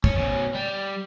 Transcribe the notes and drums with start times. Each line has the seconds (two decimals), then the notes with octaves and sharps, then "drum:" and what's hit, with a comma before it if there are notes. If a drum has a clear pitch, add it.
0.04 C#4, drum: kick
0.16 B2 C#4
0.55 G3